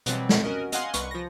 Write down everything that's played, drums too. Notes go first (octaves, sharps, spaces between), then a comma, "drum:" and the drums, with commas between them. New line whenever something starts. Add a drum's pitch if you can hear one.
B2 E3 F#3 G3 C4, drum: hi-hat
drum: snare
C#4 F#4 A#4 D#5
D#5 F5 F#5 G#5 C6, drum: hi-hat
C2 B4 C#6, drum: hi-hat
F3 A#6